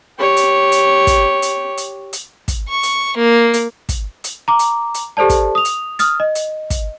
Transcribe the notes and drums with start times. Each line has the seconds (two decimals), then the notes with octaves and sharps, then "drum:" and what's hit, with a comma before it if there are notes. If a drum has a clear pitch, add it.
0.19 G4 C#5
0.37 drum: hi-hat
0.72 drum: hi-hat
1.07 drum: kick, hi-hat
1.42 drum: hi-hat
1.77 drum: hi-hat
2.13 drum: hi-hat
2.48 drum: kick, hi-hat
2.69 C#6
2.83 drum: hi-hat
3.16 A#3
3.53 drum: hi-hat
3.89 drum: kick, hi-hat
4.24 drum: hi-hat
4.48 A#5 D6
4.59 drum: hi-hat
4.94 drum: hi-hat
5.17 G4 A4 C5 D5 A5
5.30 drum: kick, hi-hat
5.55 D#6 F7
5.65 drum: hi-hat
5.99 D#6 F6 A6, drum: hi-hat
6.20 D#5
6.35 drum: hi-hat
6.70 drum: kick, hi-hat